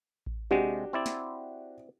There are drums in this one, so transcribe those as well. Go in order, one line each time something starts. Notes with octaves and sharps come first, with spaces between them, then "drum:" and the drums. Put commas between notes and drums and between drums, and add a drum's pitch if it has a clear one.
drum: kick A1
C3 G#3 D4 F#4 G4
C4 E4 D5
drum: snare